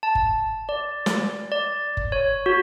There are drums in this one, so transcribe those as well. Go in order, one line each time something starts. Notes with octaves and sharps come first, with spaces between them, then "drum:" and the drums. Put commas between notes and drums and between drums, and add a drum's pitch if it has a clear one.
A5
drum: kick F#1
D5
drum: snare
D5
drum: kick F#1
C#5
F#4